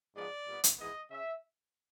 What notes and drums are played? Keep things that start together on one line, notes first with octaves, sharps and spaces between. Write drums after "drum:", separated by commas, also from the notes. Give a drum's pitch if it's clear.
G#2 F3 G#3 B3 D5
A#2 G3 B3
drum: hi-hat
G#2 E3 G#3 B3 D#5
C#3 E5